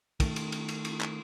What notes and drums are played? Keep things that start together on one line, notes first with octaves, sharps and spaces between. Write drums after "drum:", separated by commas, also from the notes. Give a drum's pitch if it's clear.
D#3 A3, drum: kick, cymbal
drum: cymbal
drum: cymbal
drum: cymbal
drum: cymbal
drum: clap